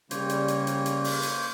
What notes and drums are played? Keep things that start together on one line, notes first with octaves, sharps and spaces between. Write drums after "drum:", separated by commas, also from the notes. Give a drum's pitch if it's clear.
C#3 G3 A#3 C5 C#5, drum: hi-hat
drum: hi-hat
drum: hi-hat
drum: hi-hat
drum: hi-hat
drum: open hi-hat
drum: hi-hat